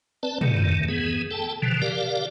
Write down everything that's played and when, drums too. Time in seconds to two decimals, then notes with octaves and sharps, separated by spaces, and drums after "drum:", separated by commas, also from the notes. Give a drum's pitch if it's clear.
0.23 C4 B4 D5 A5
0.41 D#3 A3, drum: tom
0.56 drum: tom
0.88 E3 B3 G#4
1.31 A4 G5 A5
1.62 B2 D3 E3 F3
1.82 G4 A#4 D5 F5